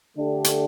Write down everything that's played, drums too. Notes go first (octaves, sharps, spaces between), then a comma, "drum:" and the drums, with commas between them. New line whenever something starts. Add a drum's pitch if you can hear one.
D3 A3 D4 G4
drum: hi-hat